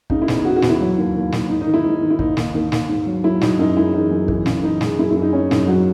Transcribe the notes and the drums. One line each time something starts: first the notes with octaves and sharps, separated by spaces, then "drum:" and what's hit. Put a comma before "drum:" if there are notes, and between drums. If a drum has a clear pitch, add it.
C#3 D#4, drum: kick
E4
E2, drum: snare
D#4
C#3 F#4
F#4
E2, drum: snare
E4
F#3
D#2
D#2
D#2, drum: snare
G#2 D#4
D#4
D#3
E4
G#2 D#4
D#3
E4
D#2 D#4, drum: kick
D#2, drum: snare
D#2
D#2, drum: snare
G#2
F#3
F#3 E4
F#3 D#4, drum: snare
F#2 D#4
G#3 E4
E3 D#4
F#2
E3, drum: kick
C#3, drum: snare
E3 D#4
G#3, drum: snare
F#2 E4
E4
F#2
D#4
F#2 C#4
F#2 D#4, drum: snare
F#3 F#4